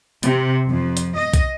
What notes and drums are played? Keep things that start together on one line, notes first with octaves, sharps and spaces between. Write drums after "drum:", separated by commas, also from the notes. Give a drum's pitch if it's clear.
C3, drum: hi-hat
F2
drum: hi-hat
D#5
drum: kick B1, hi-hat